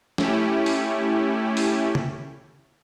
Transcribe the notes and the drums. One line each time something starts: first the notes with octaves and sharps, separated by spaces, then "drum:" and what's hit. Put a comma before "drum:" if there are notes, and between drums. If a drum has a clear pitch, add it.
A3 C#4 E4 G4, drum: snare
drum: open hi-hat
drum: open hi-hat
drum: tom